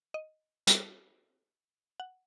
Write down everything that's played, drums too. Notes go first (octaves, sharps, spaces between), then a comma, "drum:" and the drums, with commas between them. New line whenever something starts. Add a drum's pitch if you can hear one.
D#5
G3, drum: hi-hat
F#5